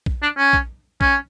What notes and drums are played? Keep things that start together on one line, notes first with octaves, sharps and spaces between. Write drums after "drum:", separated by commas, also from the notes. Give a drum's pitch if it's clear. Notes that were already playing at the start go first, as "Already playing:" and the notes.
drum: kick
D4
C#4
drum: kick
C#4, drum: kick